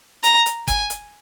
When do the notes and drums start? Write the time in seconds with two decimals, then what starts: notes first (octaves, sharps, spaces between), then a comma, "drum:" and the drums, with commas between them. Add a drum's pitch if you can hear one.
0.23 A#5, drum: hi-hat
0.46 drum: hi-hat
0.67 G#5, drum: kick, hi-hat
0.90 drum: hi-hat